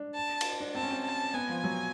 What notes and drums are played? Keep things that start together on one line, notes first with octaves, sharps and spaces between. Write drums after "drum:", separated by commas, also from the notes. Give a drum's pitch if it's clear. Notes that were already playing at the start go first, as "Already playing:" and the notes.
Already playing: D4
A5
drum: cymbal
D4
C4 A5
C#4
C4
A5
B3 G#5
F3
F#3